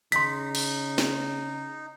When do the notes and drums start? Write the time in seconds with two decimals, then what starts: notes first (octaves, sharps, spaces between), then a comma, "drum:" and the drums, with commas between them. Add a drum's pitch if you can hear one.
0.12 C#3 D#4 C6 B6, drum: hi-hat
0.55 drum: cymbal
0.98 drum: snare